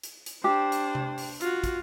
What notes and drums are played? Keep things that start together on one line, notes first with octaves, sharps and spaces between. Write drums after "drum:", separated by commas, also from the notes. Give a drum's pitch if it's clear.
drum: hi-hat
drum: hi-hat
D4 G4 C5
drum: hi-hat
drum: tom C3
drum: open hi-hat
F4 F#4, drum: hi-hat
drum: kick, hi-hat